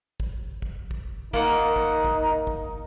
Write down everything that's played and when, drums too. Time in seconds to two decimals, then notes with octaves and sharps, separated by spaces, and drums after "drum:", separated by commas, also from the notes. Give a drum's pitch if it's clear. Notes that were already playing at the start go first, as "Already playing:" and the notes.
0.20 drum: kick
0.62 drum: kick
0.91 drum: kick
1.33 A#3 D#4 F4 F#5, drum: kick
1.76 drum: kick
2.04 drum: kick
2.47 drum: kick